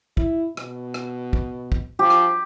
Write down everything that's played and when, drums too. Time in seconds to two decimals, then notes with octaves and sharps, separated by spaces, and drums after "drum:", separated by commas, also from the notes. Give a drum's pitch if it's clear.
0.17 E4, drum: kick
0.57 B2, drum: rim click
0.94 drum: rim click
1.33 drum: kick
1.72 drum: kick
1.99 F3 G4
2.10 drum: rim click